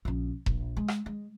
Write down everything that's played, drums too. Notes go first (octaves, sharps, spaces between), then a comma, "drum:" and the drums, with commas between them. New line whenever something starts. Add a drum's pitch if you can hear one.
A#1 C#3
A#1, drum: kick E1
G#3
drum: rim click
G#3